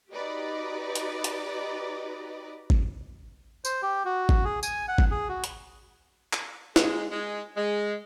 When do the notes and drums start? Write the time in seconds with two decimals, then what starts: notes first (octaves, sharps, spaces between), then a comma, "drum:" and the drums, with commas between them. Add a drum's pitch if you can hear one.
0.12 D#4 F#4 G4 B4 D5 D#5
0.95 drum: hi-hat
1.24 drum: hi-hat
2.70 drum: kick G#1
3.65 C5, drum: tambourine
3.83 G4
4.05 F#4
4.29 drum: kick G#1
4.45 G#4
4.63 G#5, drum: tambourine
4.88 F#5
4.98 drum: kick G#1
5.11 G#4
5.29 F#4
5.44 drum: hi-hat
6.33 drum: clap
6.76 G#3, drum: snare
7.12 G#3
7.57 G#3